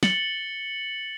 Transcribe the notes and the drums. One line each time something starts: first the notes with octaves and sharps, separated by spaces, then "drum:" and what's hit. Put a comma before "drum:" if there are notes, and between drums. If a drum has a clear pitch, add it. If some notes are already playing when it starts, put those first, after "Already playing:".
A6 C#7 F#7 G7, drum: snare